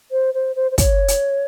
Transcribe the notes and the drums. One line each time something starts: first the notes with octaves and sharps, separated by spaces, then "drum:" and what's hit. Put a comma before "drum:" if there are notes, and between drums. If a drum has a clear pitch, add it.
C5
C5
C5
C5
C#5, drum: kick, hi-hat
drum: hi-hat